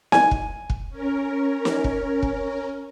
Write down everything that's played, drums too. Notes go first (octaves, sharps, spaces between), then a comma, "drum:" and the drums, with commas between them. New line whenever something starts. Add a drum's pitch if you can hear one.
G#5, drum: snare
drum: kick
drum: kick
C#4 A#4
drum: snare
drum: kick
drum: kick